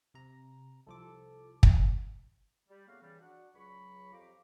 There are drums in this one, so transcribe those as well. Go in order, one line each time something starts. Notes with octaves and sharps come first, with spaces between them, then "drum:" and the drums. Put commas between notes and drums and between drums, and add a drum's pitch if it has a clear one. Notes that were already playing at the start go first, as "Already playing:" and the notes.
C3 A#5
C2 F3 A4 D6
drum: kick
G3
A2 C#3 A#3 B3 F#4 F5
C#3 E3 G3
D4 F#4 F#5
C#2 F#3 B5 C#6
F2 F4 G4 F5 A#5 D6